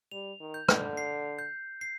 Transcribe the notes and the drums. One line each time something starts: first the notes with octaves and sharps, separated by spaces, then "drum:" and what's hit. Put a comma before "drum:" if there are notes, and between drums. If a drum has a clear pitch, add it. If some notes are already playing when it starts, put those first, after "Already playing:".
G3 F7
D#3
G6
D3, drum: rim click
C7
G6
C7